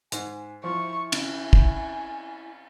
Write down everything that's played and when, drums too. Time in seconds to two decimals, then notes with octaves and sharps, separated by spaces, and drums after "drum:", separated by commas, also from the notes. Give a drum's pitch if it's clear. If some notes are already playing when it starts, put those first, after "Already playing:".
0.12 G#2 G#5, drum: hi-hat
0.64 F3 E4 C#6
1.12 C#3 G#5, drum: cymbal
1.53 drum: kick